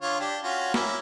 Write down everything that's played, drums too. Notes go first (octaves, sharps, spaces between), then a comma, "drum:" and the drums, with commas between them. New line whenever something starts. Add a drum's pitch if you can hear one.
D3 F4 C#5
D4 G4
C#4 F4 F#4
A#3 C#4 E4, drum: snare